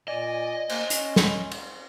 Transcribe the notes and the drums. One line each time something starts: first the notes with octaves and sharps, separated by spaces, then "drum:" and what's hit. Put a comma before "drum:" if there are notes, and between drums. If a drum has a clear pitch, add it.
A#2 D5 D#5 G#5
A#3 C5 G#5, drum: cymbal
C#4 C6, drum: hi-hat
drum: snare
drum: cymbal